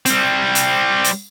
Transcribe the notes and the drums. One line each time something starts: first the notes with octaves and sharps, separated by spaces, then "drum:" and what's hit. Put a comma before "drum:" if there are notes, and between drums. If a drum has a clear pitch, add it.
G3 C4, drum: hi-hat
drum: hi-hat
drum: hi-hat